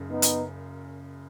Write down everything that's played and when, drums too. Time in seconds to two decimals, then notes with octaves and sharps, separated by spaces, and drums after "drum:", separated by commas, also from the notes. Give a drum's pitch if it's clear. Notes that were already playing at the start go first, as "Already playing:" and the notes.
Already playing: F#1 F#2 C#3
0.11 B3 D#4
0.22 drum: hi-hat